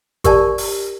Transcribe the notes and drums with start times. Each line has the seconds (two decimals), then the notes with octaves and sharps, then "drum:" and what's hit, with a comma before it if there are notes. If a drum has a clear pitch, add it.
0.24 G4 A#4 D5 A5, drum: kick G#1, hi-hat
0.58 drum: open hi-hat